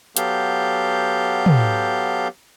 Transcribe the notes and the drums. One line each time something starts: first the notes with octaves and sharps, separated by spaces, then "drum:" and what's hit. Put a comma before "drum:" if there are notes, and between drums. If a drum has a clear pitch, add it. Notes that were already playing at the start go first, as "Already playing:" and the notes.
F#3 B3 G4 A4 F5 G6, drum: hi-hat
drum: tom